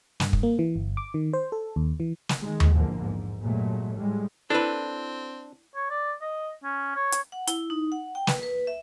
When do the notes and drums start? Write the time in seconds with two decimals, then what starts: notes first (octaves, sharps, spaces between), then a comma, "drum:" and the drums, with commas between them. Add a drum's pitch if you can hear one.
0.20 G2, drum: snare
0.33 drum: kick
0.43 A#3
0.59 E3
0.76 G1
0.97 D6
1.14 D#3
1.33 C5
1.52 A4
1.76 D#2
2.00 E3
2.29 drum: snare
2.40 D#3 G#3
2.60 drum: tom D#2
2.72 A#1 E2 G#2 D3 F3 A#3
3.02 G#2
3.41 G2 A#2 F#3 G#3 A3
3.96 A2 G3 G#3
4.50 C4 D4 E4 A4 B4
5.75 C#5
5.90 D5
6.21 D#5
6.64 C#4
6.96 C#5
7.12 drum: hi-hat
7.32 F#5
7.47 E4, drum: hi-hat
7.70 D#4
7.92 F#5
8.15 G5
8.27 B4, drum: snare
8.43 B4
8.67 E5